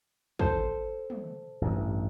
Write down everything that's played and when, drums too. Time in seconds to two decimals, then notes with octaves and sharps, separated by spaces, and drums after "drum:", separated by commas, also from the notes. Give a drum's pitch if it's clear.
0.39 A4 C5, drum: kick
1.10 drum: tom
1.61 A1 G2